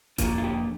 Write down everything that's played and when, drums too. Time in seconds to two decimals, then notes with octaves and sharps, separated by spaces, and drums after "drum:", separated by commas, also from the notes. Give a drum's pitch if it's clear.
0.18 F2 C3 A#3 D4 F4 A#4, drum: kick F1, hi-hat
0.38 F4
0.44 G4